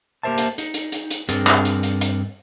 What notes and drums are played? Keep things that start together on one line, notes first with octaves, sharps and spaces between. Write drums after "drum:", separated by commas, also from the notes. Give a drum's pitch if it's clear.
A#3 G4 A#4 C5 E5 A5
drum: hi-hat
D#4, drum: hi-hat
drum: hi-hat
drum: hi-hat
drum: hi-hat
G2 C4 D4 G#4 A#4, drum: hi-hat
drum: clap
drum: hi-hat
drum: hi-hat
drum: hi-hat